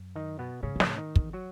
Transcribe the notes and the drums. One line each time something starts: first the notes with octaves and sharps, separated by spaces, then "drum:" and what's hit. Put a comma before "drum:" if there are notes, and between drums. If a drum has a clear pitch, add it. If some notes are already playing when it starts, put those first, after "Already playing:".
Already playing: F#2
D#3 D#4
B2 B3
G#2 C#3 C#4
G#2
A2, drum: snare
C#4
D#3 D#4
E2, drum: kick
F#3 F#4